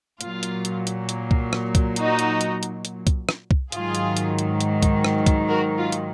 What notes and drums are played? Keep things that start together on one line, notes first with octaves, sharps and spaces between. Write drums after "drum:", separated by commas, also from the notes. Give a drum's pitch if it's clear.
A#2 F#3 F4, drum: hi-hat
drum: hi-hat
drum: hi-hat
drum: hi-hat
drum: hi-hat
drum: kick C2
drum: rim click
drum: kick C2, hi-hat
D#4 F#4, drum: hi-hat
drum: hi-hat
drum: hi-hat
drum: hi-hat
drum: hi-hat
drum: kick C2, hi-hat
drum: rim click
drum: kick C2
G#2 D#3 F#3 F4 G#4, drum: hi-hat
drum: hi-hat
drum: hi-hat
drum: hi-hat
drum: hi-hat
drum: kick C2, hi-hat
drum: rim click
drum: kick C2, hi-hat
F#4 A#4
F4
drum: hi-hat